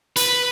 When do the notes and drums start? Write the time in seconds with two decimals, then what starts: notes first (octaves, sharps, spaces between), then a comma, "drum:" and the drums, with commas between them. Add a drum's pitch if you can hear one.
0.16 B4, drum: hi-hat